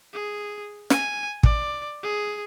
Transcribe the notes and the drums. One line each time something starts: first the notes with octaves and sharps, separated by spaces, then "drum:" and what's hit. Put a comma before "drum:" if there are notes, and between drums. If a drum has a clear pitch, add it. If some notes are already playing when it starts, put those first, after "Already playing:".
G#4
G#5, drum: snare
D5, drum: kick
G#4